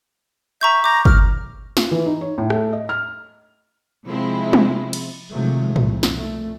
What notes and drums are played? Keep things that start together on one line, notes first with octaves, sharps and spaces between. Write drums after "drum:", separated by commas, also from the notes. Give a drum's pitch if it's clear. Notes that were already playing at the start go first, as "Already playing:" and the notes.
E5 A#5 C#6 G6
A#5 D6 G6
F6, drum: kick
F4, drum: snare
E3
D#4
C#5
A2
A3, drum: rim click
D#5
F6
C3 F3 G#3 C4 E4
drum: tom
drum: cymbal
C3 D#3 F3 F#3 G#3 A3
C2 F2 A#2, drum: tom A2
drum: snare
A#2 A3